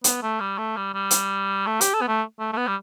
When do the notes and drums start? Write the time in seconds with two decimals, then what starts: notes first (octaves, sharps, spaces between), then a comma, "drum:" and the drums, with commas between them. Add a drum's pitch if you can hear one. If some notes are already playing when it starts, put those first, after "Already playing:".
0.04 B3, drum: hi-hat
0.23 A3
0.40 G3
0.58 A3
0.77 G3
0.94 G3
1.11 drum: hi-hat
1.67 A3
1.81 G4, drum: hi-hat
1.94 A4
2.01 B3
2.08 A3
2.39 A3
2.53 A3
2.57 B3
2.67 G3